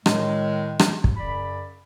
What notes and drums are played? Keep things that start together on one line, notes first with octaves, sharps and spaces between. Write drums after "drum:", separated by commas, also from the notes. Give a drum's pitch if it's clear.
A2 D#3 G#3, drum: rim click
drum: rim click
drum: kick
F#2 C#3 D5 B5